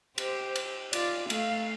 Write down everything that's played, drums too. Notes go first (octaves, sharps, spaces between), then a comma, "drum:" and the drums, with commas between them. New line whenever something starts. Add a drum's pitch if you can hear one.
G4 C5, drum: cymbal
drum: cymbal
F4 D5, drum: cymbal
A3 F5, drum: cymbal